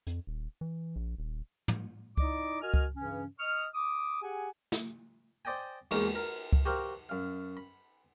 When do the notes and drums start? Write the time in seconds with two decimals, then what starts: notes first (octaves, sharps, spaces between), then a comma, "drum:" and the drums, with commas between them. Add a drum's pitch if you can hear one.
0.07 F2, drum: hi-hat
0.27 D#1
0.61 E3
0.96 A#1
1.18 D#1
1.68 drum: tom
2.17 D#4 E4 D5 D#5 D6, drum: kick C#2
2.62 F#4 A#4 D#5 G#5 F6
2.74 drum: kick C#2
2.96 G2 C#3 E3 C#4
3.39 D#5 C#6 D#6 F6
3.75 D6 D#6
4.22 G4 G#4 F#5 G#5
4.72 drum: snare
5.45 C5 D5 D#5 G5 G#5
5.91 E2 G#3 A#3 D#4 F5 C#6, drum: cymbal
6.15 A#4
6.52 drum: kick C#2
6.65 F#4 G4 A#4 C5 F5
7.09 F#2 F5
7.57 B5